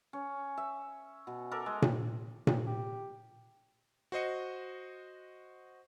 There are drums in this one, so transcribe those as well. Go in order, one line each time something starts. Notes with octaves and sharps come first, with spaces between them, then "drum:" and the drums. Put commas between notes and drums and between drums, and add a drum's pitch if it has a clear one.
C#4
E5
B2
A4 A#4 D6
G#3
drum: tom A#2
drum: tom A#2
G4
F#4 C5 D#5 C#7